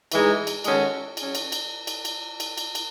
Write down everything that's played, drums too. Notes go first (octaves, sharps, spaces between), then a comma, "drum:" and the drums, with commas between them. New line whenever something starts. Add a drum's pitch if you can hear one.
A2 E3 G#3 D#4 G#4, drum: cymbal
drum: cymbal
D#3 G#3 C#4 F#4 A4, drum: cymbal
F#3 C#4 G#4, drum: cymbal
drum: cymbal
drum: cymbal
drum: cymbal
drum: cymbal
drum: cymbal
drum: cymbal
drum: cymbal